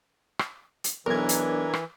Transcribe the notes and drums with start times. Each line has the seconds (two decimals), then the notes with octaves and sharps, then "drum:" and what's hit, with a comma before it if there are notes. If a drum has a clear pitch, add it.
0.39 drum: rim click
0.84 drum: hi-hat
1.06 B1 E3 D4 A#4 G#6
1.29 drum: hi-hat
1.73 drum: rim click